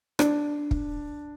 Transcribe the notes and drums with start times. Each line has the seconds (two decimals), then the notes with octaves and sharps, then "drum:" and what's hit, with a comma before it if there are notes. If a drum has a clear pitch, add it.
0.19 D4, drum: rim click
0.71 drum: kick